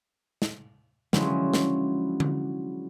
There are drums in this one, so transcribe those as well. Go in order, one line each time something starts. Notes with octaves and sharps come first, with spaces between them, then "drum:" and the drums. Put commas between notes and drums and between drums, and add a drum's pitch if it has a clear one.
drum: snare
D3 F3 F#3 G#3 C#4 E4, drum: snare
drum: snare
drum: tom D3